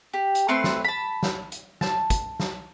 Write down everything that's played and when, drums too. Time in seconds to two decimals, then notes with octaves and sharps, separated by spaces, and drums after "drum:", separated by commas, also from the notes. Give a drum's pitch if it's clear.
0.13 G4
0.35 drum: hi-hat
0.48 A3 C4 B4 C6
0.64 drum: snare
0.84 A5 B5
1.23 drum: snare
1.52 drum: hi-hat
1.81 A5, drum: snare
2.10 drum: kick, hi-hat
2.40 drum: snare